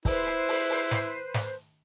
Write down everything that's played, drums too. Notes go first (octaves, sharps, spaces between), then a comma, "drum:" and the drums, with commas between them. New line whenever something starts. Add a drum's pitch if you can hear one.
E4 B4 C5, drum: kick, open hi-hat
drum: hi-hat
drum: open hi-hat
drum: open hi-hat
drum: snare
drum: snare